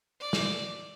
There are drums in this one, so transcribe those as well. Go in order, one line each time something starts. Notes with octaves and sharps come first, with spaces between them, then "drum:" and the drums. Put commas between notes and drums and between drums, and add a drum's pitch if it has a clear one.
D5
drum: snare